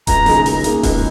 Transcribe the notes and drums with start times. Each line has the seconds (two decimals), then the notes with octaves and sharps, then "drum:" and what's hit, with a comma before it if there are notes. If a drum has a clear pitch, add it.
0.07 C#2 A#5, drum: kick D#1, hi-hat
0.26 C#3 A#3 D#4 G#4, drum: snare
0.46 C#2, drum: open hi-hat
0.64 C#3 A#3 D#4 G#4, drum: hi-hat
0.83 C#2, drum: kick D#1, open hi-hat